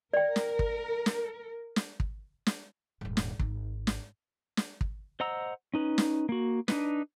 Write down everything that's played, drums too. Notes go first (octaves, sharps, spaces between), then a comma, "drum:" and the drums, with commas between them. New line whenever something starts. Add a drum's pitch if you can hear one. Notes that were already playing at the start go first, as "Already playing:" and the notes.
A#4 D5 G5
drum: snare
drum: kick
drum: snare
drum: snare
drum: kick
drum: snare
D#1 G#2
drum: snare
G#1 D#4, drum: kick
drum: snare
drum: snare
drum: kick
C5 D#5 F#5 A#5 E6
C#4 D#4 B4
drum: snare
A#3 F#4
D4 D#4 B4, drum: snare